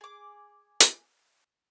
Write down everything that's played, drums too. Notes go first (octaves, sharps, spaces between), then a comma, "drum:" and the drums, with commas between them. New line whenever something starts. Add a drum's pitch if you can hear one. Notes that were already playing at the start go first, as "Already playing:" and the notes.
G#4 D6
drum: hi-hat